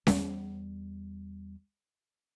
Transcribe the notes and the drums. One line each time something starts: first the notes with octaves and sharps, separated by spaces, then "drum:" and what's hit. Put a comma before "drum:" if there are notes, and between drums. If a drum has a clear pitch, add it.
E2 G3, drum: snare C#4